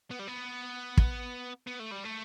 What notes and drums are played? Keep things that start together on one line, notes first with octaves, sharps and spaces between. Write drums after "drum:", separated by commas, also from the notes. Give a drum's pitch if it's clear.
B3
G3
B3
drum: kick
B3
A3
G3
A3